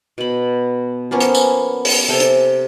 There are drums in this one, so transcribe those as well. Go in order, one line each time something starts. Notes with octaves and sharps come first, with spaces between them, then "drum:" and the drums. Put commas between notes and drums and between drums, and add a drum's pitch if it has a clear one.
B2 B5
F3 A#3 B3 C#4
drum: hi-hat
drum: tambourine
drum: open hi-hat
C3 A4 G5 G#5
drum: hi-hat